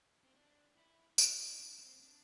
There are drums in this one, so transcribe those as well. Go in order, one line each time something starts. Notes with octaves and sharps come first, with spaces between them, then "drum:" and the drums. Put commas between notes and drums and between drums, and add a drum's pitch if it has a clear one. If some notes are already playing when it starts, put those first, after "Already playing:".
C4
D4
E4
F4, drum: tambourine
E4
D4
C4
D4